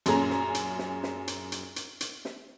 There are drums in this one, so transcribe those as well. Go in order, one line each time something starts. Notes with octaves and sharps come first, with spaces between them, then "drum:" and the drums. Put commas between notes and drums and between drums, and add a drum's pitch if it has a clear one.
F#2 A#2 C#4 G#4 A#5, drum: hi-hat
drum: snare
drum: hi-hat
drum: snare
drum: snare
drum: hi-hat
drum: hi-hat
drum: hi-hat
drum: hi-hat
drum: snare